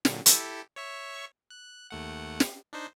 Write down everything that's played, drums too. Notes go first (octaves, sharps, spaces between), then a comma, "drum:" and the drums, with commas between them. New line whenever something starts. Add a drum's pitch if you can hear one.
A#2 D3 F#3, drum: snare
E4 G4 A4, drum: hi-hat
C#5 E5 C#6
F#6
D#2 A3 F#5
drum: snare
D4 D#4 C5